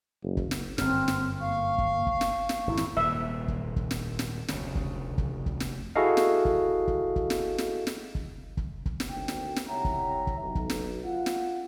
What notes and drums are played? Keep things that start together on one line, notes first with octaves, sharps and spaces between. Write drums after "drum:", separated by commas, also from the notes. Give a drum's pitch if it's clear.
F#1
drum: kick
drum: snare
G1 F#2 C4 F6, drum: snare
drum: snare
A#3 F5 C#6
drum: kick
drum: kick
drum: snare
drum: snare
G#1 F2 E4
drum: snare
D#1 F2 G#2 E5
drum: kick
drum: kick
drum: snare
drum: snare
F1 D2 C#3, drum: snare
drum: kick
drum: kick
drum: kick
drum: snare
E4 F#4 G#4 A4 D#5 F5
drum: snare
drum: kick
drum: kick
drum: kick
drum: snare
drum: snare
drum: snare
drum: kick
drum: kick
drum: kick
drum: snare
G#1 D2 G5
drum: snare
drum: snare
C2 C#5 E5 F#5 G5 A#5
drum: kick
drum: kick
B1
drum: kick
drum: snare
F4 F#5
drum: snare